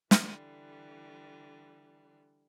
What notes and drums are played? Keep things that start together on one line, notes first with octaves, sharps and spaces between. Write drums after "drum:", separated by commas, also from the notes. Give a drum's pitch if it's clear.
D3 E3 G3, drum: snare